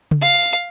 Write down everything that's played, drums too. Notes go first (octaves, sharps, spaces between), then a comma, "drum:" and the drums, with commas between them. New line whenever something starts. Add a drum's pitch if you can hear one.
drum: tom C#3
F5